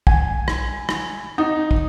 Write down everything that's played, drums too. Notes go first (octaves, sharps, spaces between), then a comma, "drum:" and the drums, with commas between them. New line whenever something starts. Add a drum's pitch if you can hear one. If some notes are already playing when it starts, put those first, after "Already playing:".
G#5, drum: kick
drum: rim click
drum: rim click
D#4
drum: kick